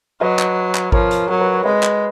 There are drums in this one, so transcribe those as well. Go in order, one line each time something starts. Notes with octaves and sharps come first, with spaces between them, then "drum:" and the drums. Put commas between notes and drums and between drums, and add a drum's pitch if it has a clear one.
F#3 B4 D#5
drum: clap
drum: clap
F3 A#4 C#5, drum: kick G#1
drum: hi-hat
F#3 A#4
B4
C#5
G#3 B4 D#5
drum: clap